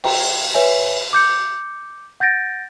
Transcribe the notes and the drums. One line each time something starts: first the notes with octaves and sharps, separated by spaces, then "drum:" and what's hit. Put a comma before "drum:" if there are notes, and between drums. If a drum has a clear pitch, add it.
G5 A#5, drum: cymbal
B4 C#5 E5 G#5
D6 G6 C#7
F#5 G6 A6 A#6 D7